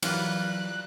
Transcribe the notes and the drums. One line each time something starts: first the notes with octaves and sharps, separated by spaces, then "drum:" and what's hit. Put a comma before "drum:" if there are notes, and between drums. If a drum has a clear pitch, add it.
E3 F#3 G3 F4 A#4 F#6, drum: cymbal